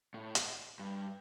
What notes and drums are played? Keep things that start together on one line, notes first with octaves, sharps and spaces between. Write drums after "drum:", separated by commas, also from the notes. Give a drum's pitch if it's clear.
A2
drum: hi-hat
G2